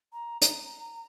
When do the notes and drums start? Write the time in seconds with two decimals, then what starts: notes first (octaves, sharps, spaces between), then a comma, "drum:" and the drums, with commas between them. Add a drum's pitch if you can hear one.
0.13 A#5
0.42 A#5, drum: hi-hat